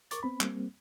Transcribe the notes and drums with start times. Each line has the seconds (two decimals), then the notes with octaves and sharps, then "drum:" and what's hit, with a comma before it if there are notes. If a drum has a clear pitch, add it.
0.11 A#4 C#6 D6 A6, drum: hi-hat
0.23 B3 C4 B5
0.41 G3 A#3 C4, drum: clap